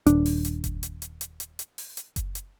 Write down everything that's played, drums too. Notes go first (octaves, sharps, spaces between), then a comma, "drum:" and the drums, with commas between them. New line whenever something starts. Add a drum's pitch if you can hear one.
D#1 D4, drum: hi-hat
drum: open hi-hat
drum: hi-hat
drum: kick F#1, hi-hat
drum: hi-hat
drum: hi-hat
drum: hi-hat
drum: hi-hat
drum: hi-hat
drum: open hi-hat
drum: hi-hat
drum: kick F#1, hi-hat
drum: hi-hat